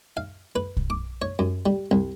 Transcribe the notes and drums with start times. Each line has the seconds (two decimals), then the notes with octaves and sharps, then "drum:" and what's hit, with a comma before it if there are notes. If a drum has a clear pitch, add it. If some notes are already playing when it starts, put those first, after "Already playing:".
0.17 F5
0.56 B4
0.77 drum: kick B1
0.90 D6
1.22 C#5
1.39 F#2
1.66 G3
1.91 C2